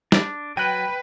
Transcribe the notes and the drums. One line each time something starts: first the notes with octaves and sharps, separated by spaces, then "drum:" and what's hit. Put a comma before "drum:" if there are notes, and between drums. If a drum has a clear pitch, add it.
D4, drum: snare
F#3 B4 G5 F#6 D#7